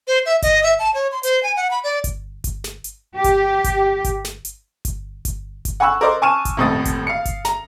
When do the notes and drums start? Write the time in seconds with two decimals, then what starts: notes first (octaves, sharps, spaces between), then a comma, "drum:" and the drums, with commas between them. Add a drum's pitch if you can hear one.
0.07 C5
0.26 E5
0.42 D#5, drum: kick G1, hi-hat
0.63 E5
0.79 A5
0.94 C#5
1.12 C6
1.23 C5, drum: hi-hat
1.43 G#5
1.56 F#5
1.71 B5
1.84 D5
2.04 drum: kick G1, hi-hat
2.44 drum: kick G1, hi-hat
2.64 drum: snare
2.84 drum: hi-hat
3.15 G4
3.24 drum: kick G1, hi-hat
3.64 drum: kick G1, hi-hat
4.05 drum: kick G1, hi-hat
4.25 drum: snare
4.45 drum: hi-hat
4.85 drum: kick G1, hi-hat
5.25 drum: kick G1, hi-hat
5.65 drum: kick G1, hi-hat
5.80 F#5 G#5 B5 C#6 E6 F#6
6.01 A#4 C5 D5 D#5 C6 D6
6.22 G#5 A5 C#6 F6 D#7 E7
6.45 drum: kick G1, hi-hat
6.57 D#1 F2 A2 C4 D#6 A6
6.85 drum: kick G1, hi-hat
7.07 F5 C#7
7.25 drum: kick G1, hi-hat
7.45 A#5, drum: snare